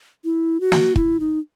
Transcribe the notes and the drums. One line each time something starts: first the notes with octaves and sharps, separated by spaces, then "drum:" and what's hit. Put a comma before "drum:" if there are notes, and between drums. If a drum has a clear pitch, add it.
E4
F#4
drum: snare
E4, drum: kick
D#4